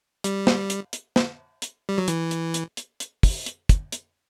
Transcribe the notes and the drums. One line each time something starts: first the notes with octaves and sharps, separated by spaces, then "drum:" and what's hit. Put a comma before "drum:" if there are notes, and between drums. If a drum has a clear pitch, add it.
G3, drum: hi-hat
drum: snare
drum: hi-hat
drum: hi-hat
drum: snare
drum: hi-hat
G3
F#3
E3, drum: hi-hat
drum: hi-hat
drum: hi-hat
drum: hi-hat
drum: hi-hat
drum: kick, open hi-hat
drum: hi-hat
drum: kick, hi-hat
drum: hi-hat